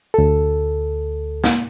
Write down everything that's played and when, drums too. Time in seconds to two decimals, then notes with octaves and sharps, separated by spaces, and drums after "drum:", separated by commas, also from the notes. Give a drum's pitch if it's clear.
0.14 D2 A4
1.44 drum: snare